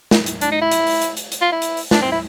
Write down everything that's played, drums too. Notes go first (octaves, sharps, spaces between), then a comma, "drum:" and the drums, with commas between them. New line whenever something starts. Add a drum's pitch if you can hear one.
drum: snare
drum: hi-hat
D4, drum: hi-hat
D#4
E4
drum: hi-hat
drum: open hi-hat
drum: hi-hat
drum: hi-hat
drum: hi-hat
F4
E4
drum: hi-hat
drum: open hi-hat
D4, drum: snare
C4
E4